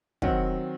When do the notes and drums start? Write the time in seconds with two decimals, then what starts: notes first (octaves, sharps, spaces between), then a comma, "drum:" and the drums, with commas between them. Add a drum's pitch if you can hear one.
0.22 D#3 F#3 C4 F#5, drum: kick